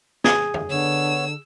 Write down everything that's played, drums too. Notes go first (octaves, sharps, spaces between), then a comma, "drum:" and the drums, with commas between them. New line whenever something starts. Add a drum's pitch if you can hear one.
G#4, drum: snare
drum: tom
D3 B3 C#5 E6